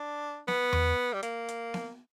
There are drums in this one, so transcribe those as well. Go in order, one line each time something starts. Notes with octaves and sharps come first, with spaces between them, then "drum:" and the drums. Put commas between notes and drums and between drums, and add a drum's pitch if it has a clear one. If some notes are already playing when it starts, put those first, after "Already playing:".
Already playing: D4
B3, drum: snare B3
drum: tom E2
G3
A#3, drum: hi-hat
drum: hi-hat
drum: snare B3